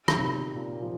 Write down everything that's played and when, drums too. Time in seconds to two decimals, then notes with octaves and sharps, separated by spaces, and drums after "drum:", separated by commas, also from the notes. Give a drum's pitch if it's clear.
0.08 D#3, drum: rim click
0.16 C3
0.23 A#2
0.56 A#2
0.82 F3